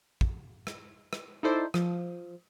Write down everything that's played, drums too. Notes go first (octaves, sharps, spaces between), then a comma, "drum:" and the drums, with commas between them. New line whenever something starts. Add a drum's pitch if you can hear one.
drum: kick
drum: rim click
drum: rim click
D#4 E4 A4 C5 D5
F3, drum: rim click